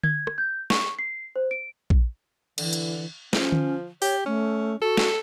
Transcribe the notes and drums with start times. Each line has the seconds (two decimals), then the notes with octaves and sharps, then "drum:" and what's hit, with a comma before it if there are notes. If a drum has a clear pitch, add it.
0.04 G#6, drum: tom D3
0.27 drum: rim click
0.38 G6
0.70 C#6, drum: snare
0.99 C7
1.36 C5
1.51 D7
1.90 drum: kick A#1
2.58 D3 E3, drum: cymbal
2.73 drum: hi-hat
3.33 F3 C#4, drum: snare
3.52 drum: tom D3
4.02 G4 C#5, drum: open hi-hat
4.26 A3 C#4
4.82 F#4 A4
4.97 drum: snare